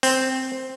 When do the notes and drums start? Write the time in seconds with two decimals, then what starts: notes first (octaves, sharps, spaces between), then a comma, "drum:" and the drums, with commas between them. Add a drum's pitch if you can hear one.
0.03 C4, drum: open hi-hat